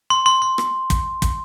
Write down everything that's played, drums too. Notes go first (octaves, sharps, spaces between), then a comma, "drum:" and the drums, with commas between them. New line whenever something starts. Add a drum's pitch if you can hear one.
C6
C6
C6
drum: rim click
drum: kick, hi-hat
drum: kick, hi-hat